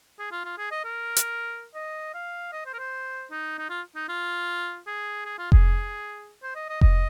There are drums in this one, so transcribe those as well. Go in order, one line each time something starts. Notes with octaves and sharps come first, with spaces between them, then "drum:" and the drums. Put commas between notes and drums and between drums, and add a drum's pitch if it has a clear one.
G#4
F4
F4
G#4
D#5
A#4
drum: hi-hat
D#5
F5
D#5
C5
A#4
C5
D#4
D#4
F4
D#4
F4
G#4
G#4
F4
G#4, drum: kick F1
C5
D#5
D#5
D#5, drum: kick F1